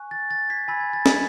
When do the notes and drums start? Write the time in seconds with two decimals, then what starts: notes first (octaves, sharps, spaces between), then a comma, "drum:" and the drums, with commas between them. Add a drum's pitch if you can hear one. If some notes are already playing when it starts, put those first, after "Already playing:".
Already playing: G#5 C#6 F#6
0.11 A6
0.31 A6
0.50 G#6 B6
0.68 G#5 B5 E6 A6
0.80 G#6
0.93 A6
1.06 G#6 B6, drum: snare